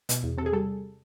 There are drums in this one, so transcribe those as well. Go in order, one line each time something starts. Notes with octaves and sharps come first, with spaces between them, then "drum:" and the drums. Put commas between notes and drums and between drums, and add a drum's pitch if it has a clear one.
B2, drum: hi-hat
E2
C3 A4
G#4
G3 A4